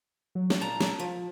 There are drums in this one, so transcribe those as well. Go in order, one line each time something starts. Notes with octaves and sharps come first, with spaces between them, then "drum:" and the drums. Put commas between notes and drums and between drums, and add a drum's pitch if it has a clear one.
F#3
drum: snare
A#2 A5 A#5
drum: snare
F3